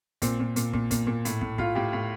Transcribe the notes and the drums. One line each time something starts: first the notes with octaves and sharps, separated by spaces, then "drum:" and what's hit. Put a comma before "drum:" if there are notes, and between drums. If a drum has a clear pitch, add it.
A#2 C4, drum: kick, hi-hat
A#2
A#2, drum: hi-hat
A#2, drum: kick
A#2, drum: kick, hi-hat
A#2
A2, drum: hi-hat
A2, drum: kick
A2 F4, drum: kick
A2 G4
A2